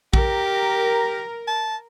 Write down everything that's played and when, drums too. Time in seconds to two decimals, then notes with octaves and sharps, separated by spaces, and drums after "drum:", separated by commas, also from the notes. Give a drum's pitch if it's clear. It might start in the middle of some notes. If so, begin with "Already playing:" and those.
0.14 G4 A#4, drum: kick A#1
1.48 A5